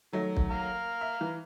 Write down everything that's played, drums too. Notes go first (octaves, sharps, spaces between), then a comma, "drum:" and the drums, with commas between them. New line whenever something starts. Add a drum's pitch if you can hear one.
D#3 F#3 A3
drum: kick
F5 A#5
E5
E3